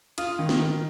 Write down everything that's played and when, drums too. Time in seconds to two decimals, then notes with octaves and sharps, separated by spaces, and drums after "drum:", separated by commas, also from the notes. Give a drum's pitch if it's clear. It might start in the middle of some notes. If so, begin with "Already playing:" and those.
0.18 F4 D#6, drum: hi-hat
0.39 D#3
0.49 drum: snare
0.59 D#3